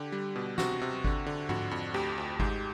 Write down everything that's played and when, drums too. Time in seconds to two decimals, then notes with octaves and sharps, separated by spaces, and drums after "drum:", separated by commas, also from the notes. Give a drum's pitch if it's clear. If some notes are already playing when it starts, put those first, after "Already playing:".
Already playing: D3 G4
0.12 G3
0.36 B2
0.58 C3 F#4, drum: snare
0.81 C3
1.04 D3, drum: kick G1
1.26 D3
1.49 F2 F#4, drum: tom G#2
1.71 F2
1.94 D2 G4
2.18 D2
2.40 G#2, drum: kick G1